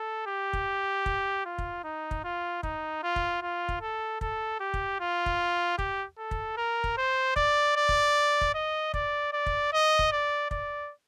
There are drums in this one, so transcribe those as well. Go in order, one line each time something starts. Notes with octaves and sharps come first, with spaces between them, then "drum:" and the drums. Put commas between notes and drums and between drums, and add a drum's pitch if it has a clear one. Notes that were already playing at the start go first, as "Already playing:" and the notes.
Already playing: A4
G4
drum: kick
drum: kick
F4
drum: kick
D#4
drum: kick
F4
D#4, drum: kick
F4
drum: kick
F4
drum: kick
A4
A4, drum: kick
G4
drum: kick
F4
drum: kick
G4, drum: kick
A4
drum: kick
A#4
drum: kick
C5
D5, drum: kick
D5
drum: kick
drum: kick
D#5
D5, drum: kick
D5
drum: kick
D#5
drum: kick
D5
D5, drum: kick